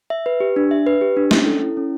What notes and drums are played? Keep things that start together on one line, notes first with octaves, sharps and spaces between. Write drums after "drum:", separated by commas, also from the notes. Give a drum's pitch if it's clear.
E5
B4
G4
D4
E5
B4
G4
D4
C#4, drum: snare
A4
E4
C#4